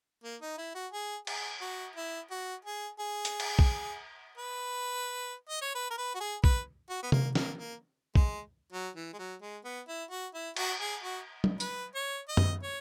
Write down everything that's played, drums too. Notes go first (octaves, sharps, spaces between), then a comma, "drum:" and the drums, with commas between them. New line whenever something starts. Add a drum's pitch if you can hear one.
A#3
D#4
E4
F#4
G#4
G#4, drum: cymbal
F#4
E4
F#4
G#4
G#4
drum: hi-hat
drum: cymbal
drum: kick B1
B4
D#5
C#5
B4
A#4
B4
F#4
G#4
B4, drum: kick B1
F#4
B3
A#3, drum: tom C3
A#3, drum: snare
A#3
G#3, drum: kick B1
F#3
E3
G#3
F#3
G#3
B3
E4
F#4
E4
F#4, drum: cymbal
G#4
F#4
drum: tom
B4, drum: tambourine
C#5
D#5
drum: tom F#2
C#5